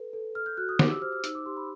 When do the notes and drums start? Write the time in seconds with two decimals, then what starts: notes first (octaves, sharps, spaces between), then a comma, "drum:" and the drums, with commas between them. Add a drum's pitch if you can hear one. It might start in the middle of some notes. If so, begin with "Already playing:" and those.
Already playing: A4 B4
0.13 A4
0.35 A4 F6
0.46 G6
0.57 F#4 F#6
0.69 D#6
0.79 G4 D6, drum: snare
0.91 E6
1.02 C5 F6
1.12 F6
1.24 D#4 E6, drum: hi-hat
1.35 D6
1.46 G4 C6
1.57 B5